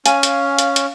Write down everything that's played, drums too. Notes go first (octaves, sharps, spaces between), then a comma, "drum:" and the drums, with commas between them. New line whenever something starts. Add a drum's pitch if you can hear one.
C#4 F5 G#5, drum: hi-hat
drum: hi-hat
drum: hi-hat
drum: hi-hat